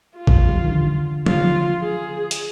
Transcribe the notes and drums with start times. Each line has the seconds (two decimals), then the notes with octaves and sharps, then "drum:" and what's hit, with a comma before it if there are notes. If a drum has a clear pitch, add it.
0.16 F4
0.27 drum: kick A1
0.49 G3
0.56 F3
0.64 D#3
0.71 D3
1.26 F4, drum: tom F3
1.82 G#4
2.31 drum: hi-hat